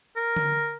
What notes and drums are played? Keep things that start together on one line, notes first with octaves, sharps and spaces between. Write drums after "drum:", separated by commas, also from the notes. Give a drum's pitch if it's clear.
A#4
drum: tom D3